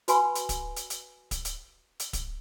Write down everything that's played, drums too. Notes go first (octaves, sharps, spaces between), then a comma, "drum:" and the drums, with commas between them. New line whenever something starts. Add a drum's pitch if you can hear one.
F#4 B4 G#5 B5 C6, drum: hi-hat
drum: hi-hat
drum: kick D1, hi-hat
drum: hi-hat
drum: hi-hat
drum: kick D1, hi-hat
drum: hi-hat
drum: hi-hat
drum: kick D1, hi-hat